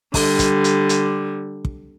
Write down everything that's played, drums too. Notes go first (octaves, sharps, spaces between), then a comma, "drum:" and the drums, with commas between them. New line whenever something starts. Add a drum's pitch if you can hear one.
D3 G3, drum: kick, open hi-hat
drum: kick, hi-hat
drum: hi-hat
drum: hi-hat
drum: kick